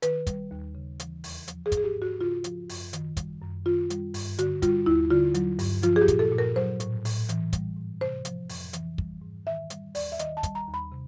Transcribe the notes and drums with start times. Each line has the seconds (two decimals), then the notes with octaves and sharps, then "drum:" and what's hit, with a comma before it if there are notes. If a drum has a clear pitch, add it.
0.02 D#3 B4, drum: hi-hat
0.27 G3, drum: kick, hi-hat
0.51 D#2
0.75 C#3
1.00 E3, drum: hi-hat
1.24 E2, drum: open hi-hat
1.48 F3, drum: hi-hat
1.66 G#4
1.72 G#2, drum: kick, hi-hat
1.77 G#4
1.84 G4
1.96 G#2
2.02 F#4
2.20 C#3 F4
2.44 F3, drum: hi-hat
2.69 F#2, drum: open hi-hat
2.93 D#3, drum: hi-hat
3.17 G3, drum: kick, hi-hat
3.41 F#2
3.65 D#3 F4
3.90 G3, drum: hi-hat
4.14 G2, drum: open hi-hat
4.38 D3 F#4, drum: hi-hat
4.62 G3 F4, drum: kick, hi-hat
4.86 D#2 E4
5.10 D3 F4
5.34 F#3, drum: hi-hat
5.59 G2, drum: open hi-hat
5.83 F3 F4, drum: hi-hat
5.96 G#4
6.01 G4
6.08 A#2, drum: kick, hi-hat
6.19 A4
6.32 A#2
6.38 A#4
6.56 F#3 C5
6.80 A2, drum: hi-hat
7.05 A2, drum: open hi-hat
7.29 E3, drum: hi-hat
7.53 G3, drum: kick, hi-hat
7.76 G#2
8.01 C3 C5
8.25 F3, drum: hi-hat
8.49 F2, drum: open hi-hat
8.73 E3, drum: hi-hat
8.98 G3, drum: kick
9.22 G#2
9.46 D#3 E5
9.70 G3, drum: hi-hat
9.95 D#2 D5, drum: open hi-hat
10.12 E5
10.19 D#3 D#5, drum: hi-hat
10.37 A5
10.43 G3, drum: kick, hi-hat
10.55 A#5
10.68 D#2
10.74 B5
10.92 C3